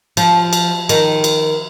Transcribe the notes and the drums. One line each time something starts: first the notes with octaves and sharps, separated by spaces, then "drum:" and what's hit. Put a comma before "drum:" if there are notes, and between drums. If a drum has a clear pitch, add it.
F3, drum: cymbal
drum: cymbal
D#3, drum: cymbal
drum: cymbal